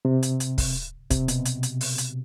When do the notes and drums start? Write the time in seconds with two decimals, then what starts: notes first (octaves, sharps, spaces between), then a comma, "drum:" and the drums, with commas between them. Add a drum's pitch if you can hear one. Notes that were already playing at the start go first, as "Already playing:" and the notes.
0.05 C3
0.23 drum: hi-hat
0.40 drum: hi-hat
0.58 drum: kick, open hi-hat
1.11 C3, drum: kick, hi-hat
1.28 B2, drum: hi-hat
1.46 drum: hi-hat
1.63 drum: hi-hat
1.81 drum: open hi-hat
1.98 drum: hi-hat